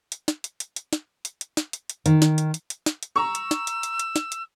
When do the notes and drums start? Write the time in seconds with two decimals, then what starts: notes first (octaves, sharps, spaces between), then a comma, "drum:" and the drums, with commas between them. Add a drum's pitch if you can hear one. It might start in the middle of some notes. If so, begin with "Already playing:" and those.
0.12 drum: hi-hat
0.28 drum: snare
0.44 drum: hi-hat
0.60 drum: hi-hat
0.76 drum: hi-hat
0.93 drum: snare
1.25 drum: hi-hat
1.41 drum: hi-hat
1.57 drum: snare
1.73 drum: hi-hat
1.89 drum: hi-hat
2.06 D#3, drum: hi-hat
2.22 drum: snare
2.38 drum: hi-hat
2.54 drum: hi-hat
2.70 drum: hi-hat
2.86 drum: snare
3.03 drum: hi-hat
3.16 A#5 C#6 E6
3.35 drum: hi-hat
3.51 drum: snare
3.67 drum: hi-hat
3.83 drum: hi-hat
3.99 drum: hi-hat
4.16 drum: snare
4.32 drum: hi-hat